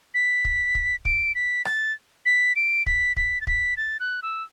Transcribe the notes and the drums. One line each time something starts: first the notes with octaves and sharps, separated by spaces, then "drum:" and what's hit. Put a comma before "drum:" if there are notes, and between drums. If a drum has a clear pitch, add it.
B6
drum: kick
drum: kick
D7, drum: kick
B6
A6, drum: rim click
B6
D7
B6, drum: kick
B6, drum: kick
A6
B6, drum: kick
A6
F#6
E6